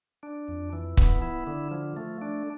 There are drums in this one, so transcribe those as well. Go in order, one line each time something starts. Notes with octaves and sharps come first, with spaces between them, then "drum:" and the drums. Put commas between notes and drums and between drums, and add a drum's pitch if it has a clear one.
D4
F2
E3
B3, drum: kick C#1
E4
D3
F3
A3
D4